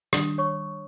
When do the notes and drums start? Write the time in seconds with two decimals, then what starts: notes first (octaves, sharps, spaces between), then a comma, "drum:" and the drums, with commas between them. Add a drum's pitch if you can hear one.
0.13 D#3 G3 D4 D#6, drum: rim click
0.38 C#5 C#6